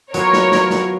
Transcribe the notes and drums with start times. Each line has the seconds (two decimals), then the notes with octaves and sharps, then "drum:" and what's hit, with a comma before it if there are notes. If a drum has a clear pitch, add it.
0.14 F#3 B3 F4 A#4 C#5, drum: hi-hat
0.33 drum: snare
0.52 drum: snare
0.70 drum: snare